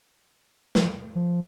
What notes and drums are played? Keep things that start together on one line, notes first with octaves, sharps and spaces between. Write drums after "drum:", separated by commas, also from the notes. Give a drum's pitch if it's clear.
F3, drum: snare
F3